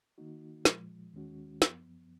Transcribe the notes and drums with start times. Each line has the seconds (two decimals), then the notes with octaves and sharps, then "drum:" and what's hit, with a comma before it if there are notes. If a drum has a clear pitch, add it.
0.18 D#3 A#3 D#4 F#4
0.65 A#2 F3 G#3, drum: snare
1.13 D#2 D#3 G#3 C#4 F#4
1.62 F#2 F3 B3, drum: snare